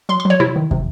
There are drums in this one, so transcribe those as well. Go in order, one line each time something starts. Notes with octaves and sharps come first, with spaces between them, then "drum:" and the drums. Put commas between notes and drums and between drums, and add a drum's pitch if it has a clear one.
F#3 C6
C6
F#3
C#5
C3 E4
D#3
C3, drum: kick